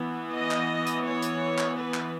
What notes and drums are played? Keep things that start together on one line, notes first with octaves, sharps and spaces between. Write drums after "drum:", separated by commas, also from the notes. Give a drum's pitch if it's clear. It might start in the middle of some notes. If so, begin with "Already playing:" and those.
Already playing: E3 B3
D#5
drum: clap
drum: hi-hat
C#5
drum: hi-hat
drum: clap
B4
drum: clap